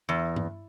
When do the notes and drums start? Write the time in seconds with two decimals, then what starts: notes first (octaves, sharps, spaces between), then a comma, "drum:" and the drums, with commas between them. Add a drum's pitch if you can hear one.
0.09 E2
0.36 drum: tom G2